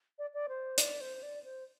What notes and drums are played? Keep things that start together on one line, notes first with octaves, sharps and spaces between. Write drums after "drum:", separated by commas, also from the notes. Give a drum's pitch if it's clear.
D5
D5
C5
D5, drum: hi-hat
C5
D5
C5